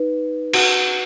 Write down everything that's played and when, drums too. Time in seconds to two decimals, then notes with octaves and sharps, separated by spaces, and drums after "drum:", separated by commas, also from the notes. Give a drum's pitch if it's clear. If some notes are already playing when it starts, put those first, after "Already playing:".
Already playing: D#4 B4
0.53 F#4 B4 F#5, drum: cymbal